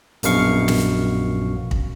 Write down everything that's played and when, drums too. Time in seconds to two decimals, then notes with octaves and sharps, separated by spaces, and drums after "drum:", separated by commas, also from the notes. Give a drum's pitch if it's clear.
0.23 A#1 F#2 B2 F5 C#6, drum: hi-hat
0.68 drum: snare
1.71 drum: kick